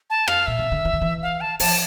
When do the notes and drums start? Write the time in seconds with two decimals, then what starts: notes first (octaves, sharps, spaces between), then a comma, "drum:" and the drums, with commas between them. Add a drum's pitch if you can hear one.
0.10 A5
0.28 F5, drum: rim click
0.47 A#2 E5
0.59 C#3
0.72 D3
0.85 E3
0.93 D3
1.01 E3
1.22 F5
1.41 A5
1.59 F3 A5, drum: open hi-hat